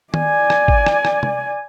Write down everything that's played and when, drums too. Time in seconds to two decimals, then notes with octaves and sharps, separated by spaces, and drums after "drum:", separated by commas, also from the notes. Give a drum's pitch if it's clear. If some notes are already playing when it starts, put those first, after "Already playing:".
0.14 D5 G#5, drum: tom D#3
0.50 drum: rim click
0.68 drum: kick
0.86 drum: rim click
1.05 drum: rim click
1.23 drum: tom